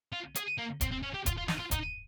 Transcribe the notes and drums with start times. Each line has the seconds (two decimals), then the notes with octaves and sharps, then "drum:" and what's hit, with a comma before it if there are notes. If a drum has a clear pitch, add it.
0.13 F4
0.36 G#4, drum: hi-hat
0.58 A#3
0.81 C4, drum: kick, hi-hat
0.91 C4
1.03 C#4
1.14 G4
1.26 F4, drum: kick, hi-hat
1.38 F4
1.48 D#4, drum: snare
1.59 F4
1.71 D#4, drum: kick, hi-hat